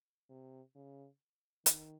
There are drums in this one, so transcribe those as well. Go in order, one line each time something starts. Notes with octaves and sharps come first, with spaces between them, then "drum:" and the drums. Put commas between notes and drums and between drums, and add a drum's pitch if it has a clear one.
C3
C#3
D#3, drum: hi-hat